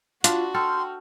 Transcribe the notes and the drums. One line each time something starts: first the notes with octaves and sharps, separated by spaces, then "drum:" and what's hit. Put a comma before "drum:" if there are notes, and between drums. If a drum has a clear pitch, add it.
D4 F4 F#4, drum: hi-hat
A4 G5 C6 F6